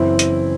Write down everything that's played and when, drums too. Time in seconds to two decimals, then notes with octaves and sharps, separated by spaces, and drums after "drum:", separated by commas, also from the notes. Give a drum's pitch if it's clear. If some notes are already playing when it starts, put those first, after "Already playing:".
Already playing: F#1 F#2 E3 C4 E4
0.19 drum: hi-hat